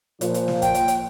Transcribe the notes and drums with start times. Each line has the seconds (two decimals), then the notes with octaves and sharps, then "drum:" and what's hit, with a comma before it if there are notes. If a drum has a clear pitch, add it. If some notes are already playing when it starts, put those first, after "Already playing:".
0.21 A#2 F3, drum: hi-hat
0.34 drum: hi-hat
0.48 drum: snare
0.62 G5, drum: kick, hi-hat
0.75 drum: hi-hat
0.88 drum: hi-hat